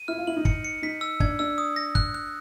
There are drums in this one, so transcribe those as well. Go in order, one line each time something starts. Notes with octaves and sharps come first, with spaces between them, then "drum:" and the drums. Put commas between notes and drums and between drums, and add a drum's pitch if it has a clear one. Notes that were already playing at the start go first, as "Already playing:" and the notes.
Already playing: D#7
E4 F6
F4
E4 F#7
D#4
C#7, drum: kick
C#7
D#4 B6
E6
D4 G#6, drum: kick
D4 E6
D#6
A#6
F#6, drum: kick
F#6